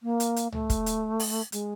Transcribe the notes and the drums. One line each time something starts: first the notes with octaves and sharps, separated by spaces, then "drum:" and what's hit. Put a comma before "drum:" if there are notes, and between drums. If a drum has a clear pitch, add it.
A#3
drum: hi-hat
drum: hi-hat
A3, drum: tom C2
drum: kick, hi-hat
drum: hi-hat
drum: open hi-hat
G#3, drum: hi-hat